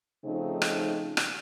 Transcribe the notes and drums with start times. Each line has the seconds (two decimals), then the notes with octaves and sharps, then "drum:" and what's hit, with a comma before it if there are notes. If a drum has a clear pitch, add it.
0.25 C#3 F3 A3 C4 D#4
0.62 drum: rim click
1.17 drum: rim click